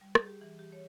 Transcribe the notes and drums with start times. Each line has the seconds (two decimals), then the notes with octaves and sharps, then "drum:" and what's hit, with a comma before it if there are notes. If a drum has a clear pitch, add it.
0.01 G3
0.15 G#4, drum: rim click
0.26 G4
0.41 E3
0.59 G4
0.72 C#5